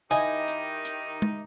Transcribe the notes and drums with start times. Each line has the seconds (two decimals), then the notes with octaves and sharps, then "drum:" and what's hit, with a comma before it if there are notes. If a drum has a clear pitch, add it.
0.11 D#3 D#4 E4 G4 D#5 G#5, drum: hi-hat
0.48 drum: hi-hat
0.85 drum: hi-hat
1.22 drum: tom G#3